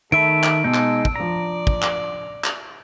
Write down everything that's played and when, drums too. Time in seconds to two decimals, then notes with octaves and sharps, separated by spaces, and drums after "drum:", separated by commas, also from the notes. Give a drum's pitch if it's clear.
0.12 D#3 A3 E5 B5 D7
0.43 drum: clap
0.64 B2 G#3 D#4 A5 E6
0.74 drum: clap
1.05 drum: kick
1.16 F3 D4 D5 A#5
1.67 drum: kick
1.82 drum: clap
2.44 drum: clap